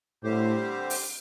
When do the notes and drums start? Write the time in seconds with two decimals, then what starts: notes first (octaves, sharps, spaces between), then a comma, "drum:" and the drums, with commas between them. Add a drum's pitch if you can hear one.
0.23 A2 D3 G3 C4 G4 C5
0.90 drum: open hi-hat